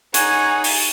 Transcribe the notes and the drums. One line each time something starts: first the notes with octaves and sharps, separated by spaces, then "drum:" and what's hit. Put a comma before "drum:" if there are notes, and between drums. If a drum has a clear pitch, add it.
D#4 G#4 C#5 F#5 G#5, drum: hi-hat
drum: open hi-hat